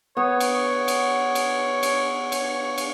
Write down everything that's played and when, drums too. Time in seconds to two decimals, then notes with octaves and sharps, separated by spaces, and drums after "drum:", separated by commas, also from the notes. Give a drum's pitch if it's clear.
0.17 B3 C#5
0.40 drum: cymbal
0.88 drum: cymbal
1.35 drum: cymbal
1.83 drum: cymbal
2.32 C#5, drum: cymbal
2.78 drum: cymbal